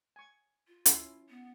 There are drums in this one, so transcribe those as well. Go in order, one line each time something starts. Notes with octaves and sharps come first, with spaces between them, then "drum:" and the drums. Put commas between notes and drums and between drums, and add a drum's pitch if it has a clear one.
G#5 C#6
F4
C#4 E4 C6, drum: hi-hat
B3